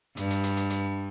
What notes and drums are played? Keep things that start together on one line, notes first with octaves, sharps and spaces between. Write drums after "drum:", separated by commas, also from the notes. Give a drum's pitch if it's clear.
G2, drum: hi-hat
drum: hi-hat
drum: hi-hat
drum: hi-hat
drum: hi-hat